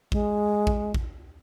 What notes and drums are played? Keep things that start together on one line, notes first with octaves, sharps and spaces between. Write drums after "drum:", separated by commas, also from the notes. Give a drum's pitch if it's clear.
G#3, drum: kick A1
drum: kick A1
drum: kick A1